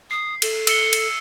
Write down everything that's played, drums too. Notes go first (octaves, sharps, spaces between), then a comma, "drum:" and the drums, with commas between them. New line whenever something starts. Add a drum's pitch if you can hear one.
D#6 C7
A4, drum: cymbal
E6 C#7 G7, drum: cymbal
drum: cymbal